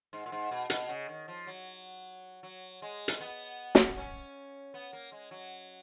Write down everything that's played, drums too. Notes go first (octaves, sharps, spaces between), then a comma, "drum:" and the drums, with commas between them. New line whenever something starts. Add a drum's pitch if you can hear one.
G#2
A#2
G#2
B2
B2, drum: hi-hat
C#3
D#3
F3
F#3
F#3
G#3
drum: hi-hat
B3
drum: snare
C#4
B3
A#3
G#3
F#3